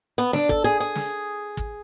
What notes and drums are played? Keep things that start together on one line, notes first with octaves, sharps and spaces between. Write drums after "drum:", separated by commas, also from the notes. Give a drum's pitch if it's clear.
B3
D4, drum: snare
A4, drum: kick
G#4
G#4
drum: snare
drum: kick